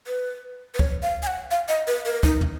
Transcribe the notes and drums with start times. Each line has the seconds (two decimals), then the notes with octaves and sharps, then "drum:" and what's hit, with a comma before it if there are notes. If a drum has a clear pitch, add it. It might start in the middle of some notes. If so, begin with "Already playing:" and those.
0.07 B4
0.74 B4
0.79 C#5, drum: kick
1.03 F5
1.23 G#5
1.27 F#5
1.51 F5
1.69 D#5
1.87 B4
2.05 A#4
2.23 D#4, drum: kick
2.41 drum: tom